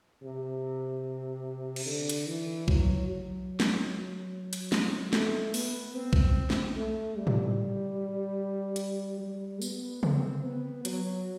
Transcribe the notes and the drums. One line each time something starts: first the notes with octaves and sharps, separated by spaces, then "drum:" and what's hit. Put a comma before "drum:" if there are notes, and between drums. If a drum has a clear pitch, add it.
C3
drum: cymbal
D3
drum: hi-hat
E3
F#3, drum: kick B1
F#3
drum: snare
drum: hi-hat
drum: snare
A3, drum: snare
B3, drum: open hi-hat
C4
drum: kick B1
drum: snare
A3
G3
drum: tom A2
drum: hi-hat
G3
B3, drum: tambourine
C4, drum: tom C#3
B3
F#3, drum: hi-hat